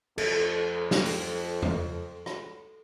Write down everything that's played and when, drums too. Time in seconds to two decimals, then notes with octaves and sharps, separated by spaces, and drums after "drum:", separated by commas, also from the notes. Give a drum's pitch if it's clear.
0.18 F2 A4, drum: cymbal
0.91 drum: snare
1.05 drum: open hi-hat
1.63 drum: tom E2
2.26 drum: rim click